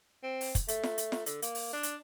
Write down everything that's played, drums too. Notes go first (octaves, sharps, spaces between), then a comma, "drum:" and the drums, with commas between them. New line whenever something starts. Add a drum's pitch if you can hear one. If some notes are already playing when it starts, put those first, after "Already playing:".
C4
drum: open hi-hat
drum: kick, hi-hat
A3, drum: hi-hat
drum: snare
drum: hi-hat
drum: snare
D3, drum: hi-hat
A#3, drum: hi-hat
drum: open hi-hat
D4
drum: hi-hat